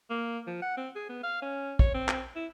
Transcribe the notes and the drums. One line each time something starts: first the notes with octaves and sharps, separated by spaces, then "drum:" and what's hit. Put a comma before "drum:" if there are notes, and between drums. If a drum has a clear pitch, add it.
A#3
F3
F#5
C4
G#4
B3
F5
C#4
C#5, drum: kick A#1
C4
drum: clap
E4